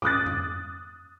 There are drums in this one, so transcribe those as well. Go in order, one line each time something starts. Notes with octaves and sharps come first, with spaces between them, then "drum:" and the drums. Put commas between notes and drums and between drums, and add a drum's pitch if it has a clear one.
D6 D#6 F#6 A6, drum: tom G#2
drum: tom F2